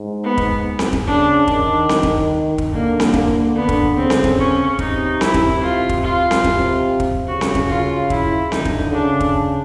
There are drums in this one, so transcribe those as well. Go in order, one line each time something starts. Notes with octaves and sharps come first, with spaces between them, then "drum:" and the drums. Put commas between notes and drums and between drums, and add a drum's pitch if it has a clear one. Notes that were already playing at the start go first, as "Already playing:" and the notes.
Already playing: G#2
B3
drum: kick
drum: snare C4
drum: kick
C#3 D4
D#3 D4, drum: kick
drum: snare C4
drum: kick
drum: kick
D3 A#3
drum: snare C4
A#3, drum: kick
D3 B3
drum: kick
C#3 C4
drum: snare C4
drum: kick
C#4
C3 D#4, drum: kick
E4, drum: snare C4
drum: kick
F4
drum: kick
F4
drum: snare C4
C3, drum: kick
drum: kick
C#3 F#4
drum: snare C4
drum: kick
F4
E4, drum: kick
D3 D#4, drum: snare C4
drum: kick
C#3 D4
drum: kick